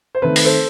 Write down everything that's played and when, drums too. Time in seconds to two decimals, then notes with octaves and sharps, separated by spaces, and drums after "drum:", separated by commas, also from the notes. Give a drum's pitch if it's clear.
0.15 C5
0.22 D#3 A3 C4 B4
0.36 drum: open hi-hat
0.45 A4 C5